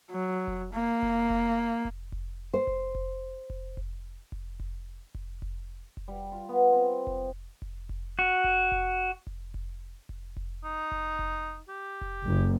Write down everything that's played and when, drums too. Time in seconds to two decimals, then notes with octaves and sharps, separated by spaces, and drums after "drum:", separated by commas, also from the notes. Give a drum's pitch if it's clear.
0.11 F#3
0.47 drum: kick F1
0.73 A#3
1.02 drum: kick F1
1.30 drum: kick F1
1.85 drum: kick F1
2.12 drum: kick F1
2.54 C5
2.67 drum: kick F1
2.95 drum: kick F1
3.50 drum: kick F1
3.77 drum: kick F1
4.32 drum: kick F1
4.60 drum: kick F1
5.15 drum: kick F1
5.42 drum: kick F1
5.97 drum: kick F1
6.08 G3
6.32 F4
6.49 B3
6.72 C4
7.07 drum: kick F1
7.62 drum: kick F1
7.89 drum: kick F1
8.19 F#4
8.44 drum: kick F1
8.72 drum: kick F1
9.27 drum: kick F1
9.54 drum: kick F1
10.09 drum: kick F1
10.37 drum: kick F1
10.64 D#4
10.92 drum: kick F1
11.19 drum: kick F1
11.69 G4
12.01 drum: kick F1
12.25 F#1